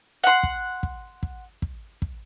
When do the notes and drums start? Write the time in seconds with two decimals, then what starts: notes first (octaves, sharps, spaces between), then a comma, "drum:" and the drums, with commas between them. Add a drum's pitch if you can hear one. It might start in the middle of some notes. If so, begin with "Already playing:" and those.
0.24 F#5 C6
0.43 drum: kick
0.83 drum: kick
1.23 drum: kick
1.62 drum: kick
2.02 drum: kick